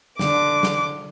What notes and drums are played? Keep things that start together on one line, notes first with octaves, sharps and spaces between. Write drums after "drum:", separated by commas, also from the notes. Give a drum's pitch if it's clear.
D3 D6, drum: snare
drum: snare